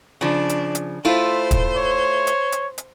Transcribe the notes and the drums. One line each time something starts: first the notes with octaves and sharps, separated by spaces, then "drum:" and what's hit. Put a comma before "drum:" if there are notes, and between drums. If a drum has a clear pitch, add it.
C#3 F3 D4
drum: hi-hat
drum: hi-hat
A3 E4 F4 C5
drum: kick, hi-hat
C#5
drum: hi-hat
drum: hi-hat
drum: hi-hat